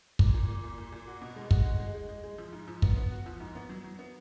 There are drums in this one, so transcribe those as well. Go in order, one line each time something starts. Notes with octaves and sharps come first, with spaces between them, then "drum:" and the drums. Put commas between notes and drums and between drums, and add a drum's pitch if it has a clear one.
A#2, drum: kick
A#2
A#2
A#2
A#2
A#2
F#4
B2
G#3
F#4, drum: kick
G#3
G#3
G#3
G#3
G#3
F3
G#2
F3
B3, drum: kick
B3
F#4
F3
G#2
B3
F#3
F#3
B3